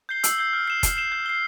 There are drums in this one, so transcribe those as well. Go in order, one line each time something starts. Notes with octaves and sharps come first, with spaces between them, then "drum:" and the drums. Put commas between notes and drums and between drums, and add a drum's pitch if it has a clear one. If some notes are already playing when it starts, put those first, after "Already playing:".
G6 C7 G7
E6, drum: hi-hat
G6 C7 G7
F6
C7 E7 G7
F6, drum: kick F1, hi-hat
C7 E7 G7
G6
C7 G7